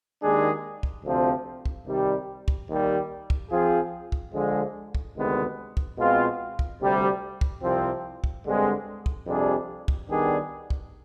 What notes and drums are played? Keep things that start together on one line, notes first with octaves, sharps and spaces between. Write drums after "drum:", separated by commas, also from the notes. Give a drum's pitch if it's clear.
D#2 D#3 G#3 D4 G#4
drum: kick
D2 C3 F3 C4
drum: kick
C3 D#3 G3
drum: kick
D#2 D#3 G3
drum: kick
F3 C4 F4 G#4
drum: kick
D3 F3 G#3
drum: kick
D2 C3 D#3 G#3 B3
drum: kick
B2 G#3 C4 F4 C5
drum: kick
D2 C3 G3
drum: kick
C2 C3 F3 C4
drum: kick
G2 D3 G#3 C4
drum: kick
F2 C3 G3 D4 G#4
drum: kick
D#3 G3 B3 D4 G#4
drum: kick